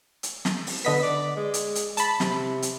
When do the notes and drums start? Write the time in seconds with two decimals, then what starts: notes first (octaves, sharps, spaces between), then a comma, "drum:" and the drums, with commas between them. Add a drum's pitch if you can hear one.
0.23 drum: hi-hat
0.45 drum: snare
0.67 drum: open hi-hat
0.85 D3 B3 D#5 B6
1.03 D5
1.37 G#3
1.54 drum: hi-hat
1.75 drum: hi-hat
1.97 A5 B5, drum: hi-hat
2.20 C3, drum: snare
2.62 drum: hi-hat